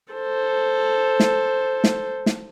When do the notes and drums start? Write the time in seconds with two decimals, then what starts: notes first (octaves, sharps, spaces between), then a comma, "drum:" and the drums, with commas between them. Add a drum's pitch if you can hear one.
0.13 A4 C5
1.20 drum: snare
1.84 drum: snare
2.26 drum: snare